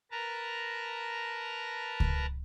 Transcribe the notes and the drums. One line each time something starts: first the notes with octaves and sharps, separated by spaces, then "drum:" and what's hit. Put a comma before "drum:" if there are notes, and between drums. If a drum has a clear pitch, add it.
A#4 B4 A5 A#5
drum: kick C#2